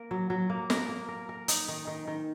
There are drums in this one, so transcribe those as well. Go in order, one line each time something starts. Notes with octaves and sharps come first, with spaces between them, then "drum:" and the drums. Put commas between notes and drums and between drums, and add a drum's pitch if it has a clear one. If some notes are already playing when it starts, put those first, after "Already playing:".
Already playing: A#3 A#4
F#3
F#3
A#3
A#4, drum: snare
A#3
A#4
A#4
D#4, drum: hi-hat
D#3
D#3
D#3